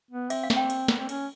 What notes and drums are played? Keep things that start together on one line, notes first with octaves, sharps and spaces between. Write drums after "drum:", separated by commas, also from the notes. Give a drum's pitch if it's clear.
B3
C4 E5, drum: cymbal
F5
C4, drum: snare
G5
drum: cymbal
B3, drum: snare
C4
C#4, drum: cymbal